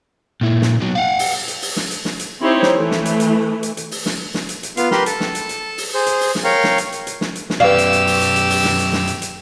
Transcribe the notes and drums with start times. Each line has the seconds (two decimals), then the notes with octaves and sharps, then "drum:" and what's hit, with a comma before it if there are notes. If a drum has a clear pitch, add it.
0.41 A#2 E4
0.62 drum: snare
0.81 B2 F#3
0.96 F5 F#5
1.19 drum: open hi-hat
1.48 drum: hi-hat
1.62 drum: open hi-hat
1.76 drum: snare
1.91 drum: hi-hat
2.05 drum: snare
2.19 drum: hi-hat
2.41 C4 D#4 E4 G4 C5 C#5
2.62 drum: snare
2.73 E3 A3
2.91 drum: snare
3.05 drum: hi-hat
3.20 drum: hi-hat
3.63 drum: hi-hat
3.77 drum: hi-hat
3.91 drum: open hi-hat
4.06 drum: snare
4.34 drum: snare
4.49 drum: hi-hat
4.63 drum: hi-hat
4.77 B3 F4 F5, drum: hi-hat
4.91 G4 A#4 B4 C6, drum: snare
5.06 A4 A5, drum: hi-hat
5.20 drum: snare
5.35 drum: hi-hat
5.49 drum: hi-hat
5.78 drum: open hi-hat
5.94 G#4 C5
6.06 drum: hi-hat
6.21 drum: open hi-hat
6.35 drum: snare
6.44 A#4 C#5 F5 G5
6.64 drum: snare
6.78 drum: hi-hat
6.92 drum: hi-hat
7.07 drum: hi-hat
7.21 drum: snare
7.35 drum: hi-hat
7.50 drum: snare
7.60 B1 F#2 G4 B4 D5 F5 E6
7.78 drum: hi-hat
7.93 drum: hi-hat
8.07 drum: open hi-hat
8.21 drum: hi-hat
8.36 drum: hi-hat
8.50 drum: open hi-hat
8.64 drum: snare
8.79 drum: hi-hat
8.93 drum: snare
9.07 drum: hi-hat
9.22 drum: hi-hat